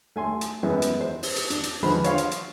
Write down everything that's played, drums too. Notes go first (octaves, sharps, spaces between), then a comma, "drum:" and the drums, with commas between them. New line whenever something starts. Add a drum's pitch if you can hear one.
A3 G#5 C6
drum: hi-hat
F#2 E3 G#3 B3
drum: hi-hat
C5
drum: open hi-hat
drum: hi-hat
D4, drum: hi-hat
drum: hi-hat
D3 F3 G#3 B4 C5 B5
C#5 F5 C6, drum: hi-hat
drum: hi-hat
drum: hi-hat